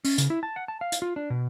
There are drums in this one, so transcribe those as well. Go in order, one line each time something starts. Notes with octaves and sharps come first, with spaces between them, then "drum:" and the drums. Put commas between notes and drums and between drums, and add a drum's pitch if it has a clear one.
C#4, drum: open hi-hat
C#3, drum: hi-hat
E4
A5
F#5
A5
F5
drum: hi-hat
F4
D4
B2